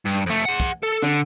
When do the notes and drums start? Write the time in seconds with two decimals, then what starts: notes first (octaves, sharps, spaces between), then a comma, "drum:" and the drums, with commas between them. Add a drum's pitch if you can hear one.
0.05 G2
0.26 F2 A3
0.45 G#4 F#5
0.60 drum: kick
0.83 A4
1.02 D3, drum: snare